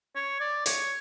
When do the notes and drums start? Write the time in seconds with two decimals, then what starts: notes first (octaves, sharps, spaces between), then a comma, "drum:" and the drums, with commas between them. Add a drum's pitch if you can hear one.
0.16 C#5
0.40 D5
0.66 C#5, drum: hi-hat